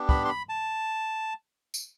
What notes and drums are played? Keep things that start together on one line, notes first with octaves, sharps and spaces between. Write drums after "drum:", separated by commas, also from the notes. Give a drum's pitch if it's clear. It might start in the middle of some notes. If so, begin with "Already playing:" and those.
Already playing: B3 D4 G4
B5, drum: kick
C6
B5
A5
drum: tambourine